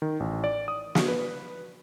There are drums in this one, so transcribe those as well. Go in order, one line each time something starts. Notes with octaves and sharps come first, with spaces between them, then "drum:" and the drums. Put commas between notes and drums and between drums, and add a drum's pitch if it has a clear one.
D#3
A1
D5
D#6
drum: snare
B4